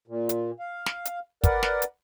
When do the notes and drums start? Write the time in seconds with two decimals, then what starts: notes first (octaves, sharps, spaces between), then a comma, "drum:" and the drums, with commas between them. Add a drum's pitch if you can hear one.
0.07 A#2
0.29 drum: hi-hat
0.60 F5
0.86 drum: snare
1.05 drum: hi-hat
1.44 A#4 B4 D5 F#5, drum: kick, hi-hat
1.63 drum: snare
1.82 drum: hi-hat